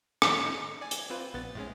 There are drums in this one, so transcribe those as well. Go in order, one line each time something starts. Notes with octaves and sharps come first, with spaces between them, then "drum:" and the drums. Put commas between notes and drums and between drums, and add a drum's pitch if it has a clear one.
A2 D#3, drum: rim click
D#4
D5 G#5
drum: hi-hat
C4 F4 B4
A#1 B3 A6
A2 G#3 C#4